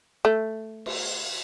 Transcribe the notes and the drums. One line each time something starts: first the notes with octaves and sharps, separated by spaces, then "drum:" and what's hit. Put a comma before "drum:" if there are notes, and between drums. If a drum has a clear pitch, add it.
A3
drum: cymbal